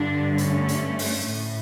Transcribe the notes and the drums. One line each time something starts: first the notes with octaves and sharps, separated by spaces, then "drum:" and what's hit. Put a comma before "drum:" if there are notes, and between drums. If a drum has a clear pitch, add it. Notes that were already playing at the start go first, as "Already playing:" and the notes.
Already playing: G2 D3 D4
A3 C#4, drum: hi-hat
drum: hi-hat
drum: open hi-hat
A2